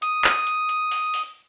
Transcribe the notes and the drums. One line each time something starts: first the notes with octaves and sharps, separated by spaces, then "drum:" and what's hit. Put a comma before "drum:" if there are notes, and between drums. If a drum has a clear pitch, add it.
D#6, drum: hi-hat
drum: clap
drum: hi-hat
drum: hi-hat
drum: open hi-hat
drum: open hi-hat